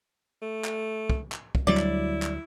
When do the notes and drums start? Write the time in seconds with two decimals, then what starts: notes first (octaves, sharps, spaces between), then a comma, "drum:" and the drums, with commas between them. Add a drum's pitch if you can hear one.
0.42 A3
0.64 drum: clap
1.10 drum: kick
1.32 drum: clap
1.55 drum: kick
1.67 D2 F#3 G3 E4 D5
1.77 drum: clap
2.22 drum: clap